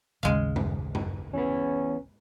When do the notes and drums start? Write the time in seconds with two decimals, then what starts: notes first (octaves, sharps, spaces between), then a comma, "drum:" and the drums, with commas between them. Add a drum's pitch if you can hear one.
0.23 A1 D#2 C#3 G#3 F5
0.56 drum: tom F#2
0.95 drum: tom F#2
1.34 E3 B3 C#4 B4